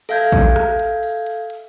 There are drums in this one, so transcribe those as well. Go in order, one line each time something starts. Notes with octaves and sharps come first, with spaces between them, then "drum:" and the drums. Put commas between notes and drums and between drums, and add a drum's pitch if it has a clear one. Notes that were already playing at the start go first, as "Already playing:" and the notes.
A4 E5 F5 G6 G#6, drum: hi-hat
drum: kick, hi-hat
drum: rim click
drum: hi-hat
drum: open hi-hat
drum: hi-hat
drum: hi-hat